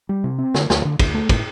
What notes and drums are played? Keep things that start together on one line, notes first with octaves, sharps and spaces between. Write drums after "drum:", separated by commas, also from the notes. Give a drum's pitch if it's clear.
G3
C3
C4
D3, drum: snare
D2, drum: snare
D3
D2, drum: kick, cymbal
A3
A2, drum: kick, cymbal